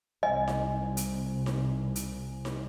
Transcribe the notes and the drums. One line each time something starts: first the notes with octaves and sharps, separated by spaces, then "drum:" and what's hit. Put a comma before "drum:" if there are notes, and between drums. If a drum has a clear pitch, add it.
C2 D#5 G#5
drum: snare D#4
drum: hi-hat
drum: snare D#4
drum: hi-hat
drum: snare D#4